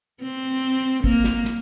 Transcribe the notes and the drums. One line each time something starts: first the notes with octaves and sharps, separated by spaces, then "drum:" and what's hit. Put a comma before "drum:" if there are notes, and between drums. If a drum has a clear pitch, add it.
C4
A#3, drum: kick
drum: snare
drum: snare